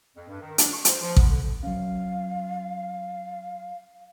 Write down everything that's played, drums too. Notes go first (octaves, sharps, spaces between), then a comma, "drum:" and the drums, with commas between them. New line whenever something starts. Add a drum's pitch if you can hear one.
F2
G2
D#3
D4, drum: hi-hat
C#6
C5, drum: hi-hat
F3
B3, drum: kick A1
D3
F#3 C#4 F5